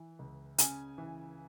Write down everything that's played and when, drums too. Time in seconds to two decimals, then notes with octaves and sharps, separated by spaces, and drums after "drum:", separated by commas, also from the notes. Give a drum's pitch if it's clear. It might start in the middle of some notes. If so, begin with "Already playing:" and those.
Already playing: E3
0.19 C#2
0.58 C#3 G#5, drum: hi-hat
0.98 E3